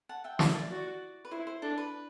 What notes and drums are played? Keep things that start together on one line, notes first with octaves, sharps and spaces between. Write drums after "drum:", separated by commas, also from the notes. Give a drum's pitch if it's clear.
F#5 A5
E5 G5
E4 C5 E5, drum: snare
D5
F#4 D5
B4
E4 C5
C5
D4 A4
B4